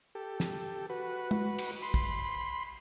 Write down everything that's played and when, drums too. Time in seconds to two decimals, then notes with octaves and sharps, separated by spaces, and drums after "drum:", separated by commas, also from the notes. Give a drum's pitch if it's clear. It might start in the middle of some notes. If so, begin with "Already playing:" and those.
0.15 G4 A4
0.40 drum: snare
0.90 F#4 B4
1.31 drum: tom
1.58 drum: cymbal
1.82 B5 C6
1.94 drum: kick